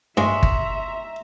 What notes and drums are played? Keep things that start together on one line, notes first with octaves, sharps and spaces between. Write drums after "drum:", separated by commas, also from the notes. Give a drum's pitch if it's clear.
G2 G#3 E5 A#5 C6 C#6
drum: kick G1